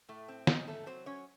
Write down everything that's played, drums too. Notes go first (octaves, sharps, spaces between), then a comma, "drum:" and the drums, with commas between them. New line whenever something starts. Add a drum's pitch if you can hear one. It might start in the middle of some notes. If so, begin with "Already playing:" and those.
A2 A3
C4
G#2 D#3 D#4, drum: snare
A3 A4
F#3 C4 C5
C#4 C#5